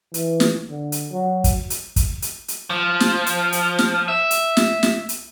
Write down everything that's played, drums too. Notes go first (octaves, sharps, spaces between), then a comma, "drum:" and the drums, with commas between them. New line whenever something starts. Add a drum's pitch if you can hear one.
E3, drum: hi-hat
drum: snare
D3
drum: hi-hat
F#3
drum: kick, hi-hat
drum: hi-hat
drum: kick, hi-hat
drum: hi-hat
drum: hi-hat
F3
drum: snare
drum: hi-hat
drum: hi-hat
drum: snare
E5
drum: hi-hat
drum: snare
drum: snare
drum: hi-hat